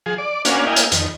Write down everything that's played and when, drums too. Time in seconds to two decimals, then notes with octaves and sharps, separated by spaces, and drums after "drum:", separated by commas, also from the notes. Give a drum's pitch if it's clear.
0.06 F3 G#4
0.18 D5
0.45 A#3 C#4 D4 F#4 F5 G#5, drum: hi-hat
0.67 A#3 E4 D#5 F5 G5 G#5
0.76 drum: hi-hat
0.92 F2 D#3, drum: hi-hat